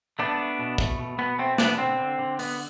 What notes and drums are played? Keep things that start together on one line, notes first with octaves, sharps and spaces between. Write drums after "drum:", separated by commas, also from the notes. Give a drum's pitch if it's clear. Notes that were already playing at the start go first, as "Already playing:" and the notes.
A3 B3 D4
A3
B2
A3, drum: kick
B2
B2 B3
A3 C4
B2 B3 D4, drum: snare
D3 C4
D3
D3
B3, drum: open hi-hat